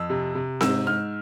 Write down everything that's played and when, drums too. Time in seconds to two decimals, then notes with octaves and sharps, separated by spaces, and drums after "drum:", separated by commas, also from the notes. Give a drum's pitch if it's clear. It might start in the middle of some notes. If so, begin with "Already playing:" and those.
Already playing: F2 E6
0.10 C3
0.35 C3
0.61 G#2 E6, drum: snare C4
0.87 G#2 F6